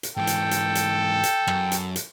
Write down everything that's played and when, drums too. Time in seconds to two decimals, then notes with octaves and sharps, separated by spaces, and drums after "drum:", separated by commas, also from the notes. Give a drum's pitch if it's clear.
0.03 drum: hi-hat
0.17 G#2 E3 A4 G5
0.27 drum: hi-hat
0.51 drum: hi-hat
0.75 drum: hi-hat
1.23 drum: hi-hat
1.47 F#2, drum: rim click
1.72 drum: hi-hat
1.96 drum: hi-hat